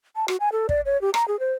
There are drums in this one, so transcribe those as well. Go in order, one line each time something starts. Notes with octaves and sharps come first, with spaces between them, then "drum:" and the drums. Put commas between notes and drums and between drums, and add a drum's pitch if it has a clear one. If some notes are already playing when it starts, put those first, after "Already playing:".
A5
F#4, drum: rim click
G#5
A4
D5, drum: kick
C#5
G4
A#5, drum: rim click
G#4
C5